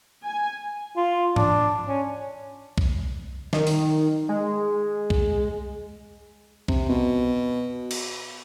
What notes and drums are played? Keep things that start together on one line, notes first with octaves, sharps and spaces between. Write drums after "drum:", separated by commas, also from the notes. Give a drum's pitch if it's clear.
G#5
F4
D4, drum: tom G#2
C#4
drum: kick C2
D#3, drum: snare
drum: open hi-hat
G#3
drum: kick C2
C3, drum: kick C2
B2
drum: cymbal